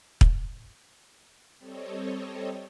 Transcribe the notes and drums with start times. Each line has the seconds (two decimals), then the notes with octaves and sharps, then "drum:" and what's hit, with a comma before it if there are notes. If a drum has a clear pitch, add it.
0.21 drum: kick
1.58 G3 C4 A4 C#5 D#5